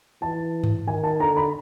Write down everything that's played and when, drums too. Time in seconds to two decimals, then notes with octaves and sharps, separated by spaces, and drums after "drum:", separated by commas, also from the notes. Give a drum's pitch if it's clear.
0.22 E3 A5
0.64 drum: tom G2
0.88 D#3 G#5
1.04 A5
1.20 D3 A#5
1.37 B5